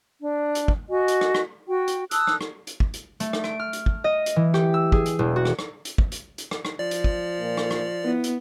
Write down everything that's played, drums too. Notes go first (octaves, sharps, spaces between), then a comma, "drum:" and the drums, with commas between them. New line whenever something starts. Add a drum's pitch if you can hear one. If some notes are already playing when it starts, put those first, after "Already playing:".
D4
drum: hi-hat
drum: kick
F#4 D#5 G#5
drum: hi-hat
drum: rim click
drum: rim click
F#4 G5
drum: hi-hat
A5 D#6 E6 F#6, drum: hi-hat
drum: rim click
drum: rim click
drum: hi-hat
drum: kick
drum: hi-hat
A3, drum: hi-hat
drum: rim click
D7, drum: rim click
F6
drum: hi-hat
drum: kick
D#5
drum: hi-hat
E3
G4, drum: rim click
E6
G#4, drum: kick
drum: hi-hat
E1
F#4
drum: rim click
drum: rim click
drum: hi-hat
drum: kick
drum: hi-hat
drum: hi-hat
drum: rim click
drum: rim click
F3 D5
drum: hi-hat
drum: kick
A#2
drum: rim click
drum: rim click
B3 E4
drum: hi-hat